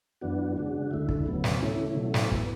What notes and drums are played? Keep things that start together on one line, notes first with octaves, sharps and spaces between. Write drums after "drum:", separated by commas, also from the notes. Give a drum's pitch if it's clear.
F#2 E3 B3 D4 F#4
C#3 G#3 D4 F#4
D2 D3 A3 E4
drum: kick
D2 C#3 F#3 B3
drum: snare
C#3 E3 A3 C#4 E4
B2 F#3 A3 E4
drum: snare
E3 B3, drum: kick